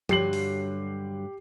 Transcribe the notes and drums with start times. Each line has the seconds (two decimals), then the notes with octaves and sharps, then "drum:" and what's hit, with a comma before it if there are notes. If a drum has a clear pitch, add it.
0.09 G2 D3 F#3 G4 C7 F#7, drum: tom F3
0.33 drum: open hi-hat